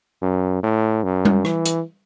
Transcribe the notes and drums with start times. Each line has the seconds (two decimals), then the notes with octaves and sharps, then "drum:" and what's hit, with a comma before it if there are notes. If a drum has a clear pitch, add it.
0.22 F#2
0.63 A2
1.04 F#2
1.25 drum: tom G3
1.45 E3, drum: rim click
1.66 drum: hi-hat